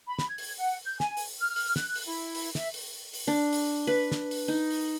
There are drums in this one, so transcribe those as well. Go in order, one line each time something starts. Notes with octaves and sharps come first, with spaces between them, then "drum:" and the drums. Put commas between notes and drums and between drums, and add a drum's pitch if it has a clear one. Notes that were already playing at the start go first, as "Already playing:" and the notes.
B5
drum: snare
G#6
drum: open hi-hat
F#5
G6
G#5, drum: snare
drum: open hi-hat
F6
drum: open hi-hat
F#6, drum: snare
drum: open hi-hat
E4
drum: open hi-hat
E5, drum: snare
drum: open hi-hat
drum: open hi-hat
D4
drum: open hi-hat
B4
drum: snare
drum: open hi-hat
D#4
drum: open hi-hat